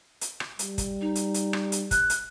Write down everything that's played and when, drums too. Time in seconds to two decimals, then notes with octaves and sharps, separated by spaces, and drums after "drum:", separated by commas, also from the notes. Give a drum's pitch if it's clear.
0.21 drum: hi-hat
0.40 drum: rim click
0.59 G3, drum: hi-hat
0.78 drum: kick, hi-hat
1.01 D#4
1.15 drum: hi-hat
1.34 drum: hi-hat
1.53 drum: rim click
1.72 drum: hi-hat
1.91 F#6, drum: kick, hi-hat
2.10 drum: hi-hat